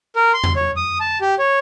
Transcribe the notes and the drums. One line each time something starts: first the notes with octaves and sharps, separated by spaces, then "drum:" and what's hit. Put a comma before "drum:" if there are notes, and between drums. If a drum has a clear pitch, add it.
A#4
C6
drum: tom E2
C#5
D#6
A5
G4
C#5